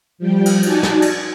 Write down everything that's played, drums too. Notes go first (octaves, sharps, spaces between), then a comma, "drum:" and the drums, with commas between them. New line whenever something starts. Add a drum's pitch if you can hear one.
F3 G3 G5
drum: cymbal
D#4 F#4 D5 G#5 A5, drum: cymbal
drum: snare
G#6, drum: cymbal